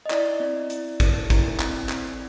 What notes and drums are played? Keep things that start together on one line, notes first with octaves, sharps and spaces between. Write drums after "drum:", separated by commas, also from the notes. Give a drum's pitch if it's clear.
D#5
E4 D5, drum: clap
C4
E4, drum: hi-hat
A4, drum: kick, hi-hat
E4, drum: kick, hi-hat
C4, drum: clap
C4, drum: clap